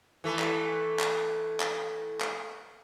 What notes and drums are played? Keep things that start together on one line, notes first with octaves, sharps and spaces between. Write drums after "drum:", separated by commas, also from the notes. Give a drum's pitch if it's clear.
E3 A3
drum: clap
drum: clap
drum: clap
drum: clap